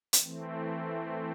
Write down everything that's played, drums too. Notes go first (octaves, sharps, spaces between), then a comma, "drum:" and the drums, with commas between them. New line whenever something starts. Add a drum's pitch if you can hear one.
drum: hi-hat
E3 A3 C4